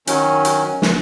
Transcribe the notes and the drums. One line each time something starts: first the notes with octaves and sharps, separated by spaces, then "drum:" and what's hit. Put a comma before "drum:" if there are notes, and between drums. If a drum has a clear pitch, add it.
D#3 F#3 C#4, drum: hi-hat
drum: hi-hat
drum: snare